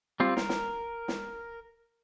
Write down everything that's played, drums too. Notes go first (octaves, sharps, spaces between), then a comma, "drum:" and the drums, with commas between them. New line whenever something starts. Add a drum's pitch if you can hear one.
G3 C4 F4
A#4, drum: snare
drum: snare
drum: snare